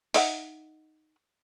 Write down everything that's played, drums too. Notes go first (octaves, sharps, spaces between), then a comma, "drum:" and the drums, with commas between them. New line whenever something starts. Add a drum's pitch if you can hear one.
D#4 E5 F#5, drum: open hi-hat